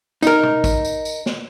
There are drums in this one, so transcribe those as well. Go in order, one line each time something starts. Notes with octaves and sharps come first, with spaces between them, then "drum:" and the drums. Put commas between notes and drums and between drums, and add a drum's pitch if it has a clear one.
D#4 A#4, drum: tambourine
drum: tom
drum: kick, tambourine
drum: tambourine
drum: tambourine
drum: snare